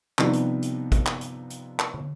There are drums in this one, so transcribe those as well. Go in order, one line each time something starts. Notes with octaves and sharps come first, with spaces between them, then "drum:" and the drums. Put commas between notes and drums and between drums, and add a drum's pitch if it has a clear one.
C3 F3 G3 B3 D4 D#4, drum: clap
drum: hi-hat
drum: hi-hat
drum: kick, hi-hat
drum: clap
drum: hi-hat
drum: hi-hat
drum: clap
drum: tom